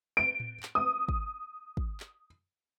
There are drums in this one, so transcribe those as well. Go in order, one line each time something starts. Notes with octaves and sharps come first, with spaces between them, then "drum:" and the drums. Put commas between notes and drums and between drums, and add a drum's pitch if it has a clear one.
D7
drum: tom A2
drum: clap
D#6
drum: kick
drum: kick
drum: clap